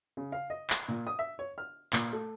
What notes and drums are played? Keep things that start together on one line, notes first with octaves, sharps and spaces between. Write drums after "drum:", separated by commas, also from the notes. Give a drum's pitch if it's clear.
C#3
F5
D#5
drum: clap
A#2
D#6
E5
C#5
F6
A#2, drum: clap
A3